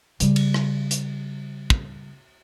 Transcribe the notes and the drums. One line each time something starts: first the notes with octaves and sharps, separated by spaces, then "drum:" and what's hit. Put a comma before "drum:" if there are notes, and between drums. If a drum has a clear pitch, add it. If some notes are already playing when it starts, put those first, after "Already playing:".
C#3 G3, drum: hi-hat
drum: cymbal
drum: rim click
drum: hi-hat
drum: kick